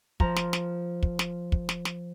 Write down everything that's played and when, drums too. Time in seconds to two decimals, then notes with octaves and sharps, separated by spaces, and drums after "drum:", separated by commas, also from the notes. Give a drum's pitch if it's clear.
0.20 F3 A#4 A#5, drum: kick
0.36 drum: snare
0.53 drum: snare
1.03 drum: kick
1.19 drum: snare
1.52 drum: kick
1.69 drum: snare
1.85 drum: snare